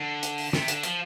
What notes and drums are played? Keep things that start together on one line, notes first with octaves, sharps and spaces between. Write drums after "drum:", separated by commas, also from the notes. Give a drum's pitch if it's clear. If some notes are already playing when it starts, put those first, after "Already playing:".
Already playing: D3
drum: hi-hat
drum: open hi-hat
C3, drum: snare
D3, drum: hi-hat
F3, drum: hi-hat